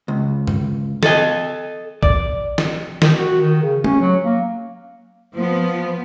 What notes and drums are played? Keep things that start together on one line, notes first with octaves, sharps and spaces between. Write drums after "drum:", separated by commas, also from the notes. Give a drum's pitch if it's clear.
C#2
drum: tom
A4 D#5, drum: snare
D5, drum: kick
drum: snare
D#3, drum: snare
F#4
D#3
C#3
C#4, drum: tom
F#3
A#3
F3 B3